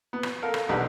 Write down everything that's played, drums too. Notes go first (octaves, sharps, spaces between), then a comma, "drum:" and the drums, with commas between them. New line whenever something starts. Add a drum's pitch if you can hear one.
B3
drum: rim click
A4 A#4 F5
drum: rim click
B1 E2 D3 D4 G4 B4